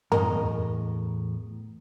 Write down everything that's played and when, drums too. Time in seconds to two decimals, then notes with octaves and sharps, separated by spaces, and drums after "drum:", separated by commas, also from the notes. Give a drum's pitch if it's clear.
0.12 E2 A2 A#4 D#5, drum: tom